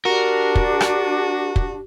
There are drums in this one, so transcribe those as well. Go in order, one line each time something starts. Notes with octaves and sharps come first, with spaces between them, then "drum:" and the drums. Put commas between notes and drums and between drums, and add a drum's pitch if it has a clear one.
D4 F#4 G4 A#4
drum: kick
drum: rim click
drum: kick